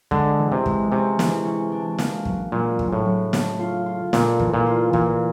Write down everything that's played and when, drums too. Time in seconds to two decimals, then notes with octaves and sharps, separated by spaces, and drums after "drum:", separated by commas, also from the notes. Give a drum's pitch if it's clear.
0.11 D3 G#3, drum: kick
0.39 E3
0.52 C3
0.66 G#3, drum: kick
0.92 C3 C#4
1.19 E3, drum: snare
1.45 C#4
1.72 D4
1.98 A#3, drum: snare
2.25 F#3, drum: kick
2.52 A#2 F#3
2.79 C#3, drum: kick
2.93 A2
3.06 F#3
3.33 A3, drum: snare
3.59 F4
3.86 F4
4.13 A#2 A3, drum: snare
4.39 E3, drum: kick
4.54 A#2
4.66 F4
4.93 A#2 E3, drum: kick